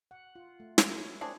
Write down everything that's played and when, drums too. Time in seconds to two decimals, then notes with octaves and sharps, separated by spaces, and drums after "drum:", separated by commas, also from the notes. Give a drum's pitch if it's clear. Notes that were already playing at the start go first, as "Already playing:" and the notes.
0.11 F#5
0.36 F4
0.60 A3
0.78 E4 G#4 A#4, drum: snare
0.97 C#5
1.21 C4 D4 G#4 C#5